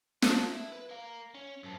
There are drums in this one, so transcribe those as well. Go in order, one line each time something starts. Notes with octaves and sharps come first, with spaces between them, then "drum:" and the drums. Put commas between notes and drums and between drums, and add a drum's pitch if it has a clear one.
A5 C6, drum: snare
E4
B4
A#4 F5
C#4
F#2 F3